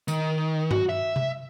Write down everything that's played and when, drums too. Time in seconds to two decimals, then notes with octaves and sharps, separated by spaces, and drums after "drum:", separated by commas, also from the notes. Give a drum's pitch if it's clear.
0.08 D#3, drum: tambourine
0.71 F#4, drum: tom G2
0.89 E5
1.16 drum: tom C3